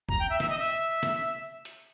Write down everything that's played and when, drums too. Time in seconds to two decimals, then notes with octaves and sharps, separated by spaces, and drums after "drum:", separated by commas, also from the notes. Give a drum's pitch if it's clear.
0.09 A#5, drum: kick F#1
0.19 G5
0.30 E5
0.40 E5, drum: snare
0.50 D#5
0.59 E5
1.03 drum: snare
1.65 drum: hi-hat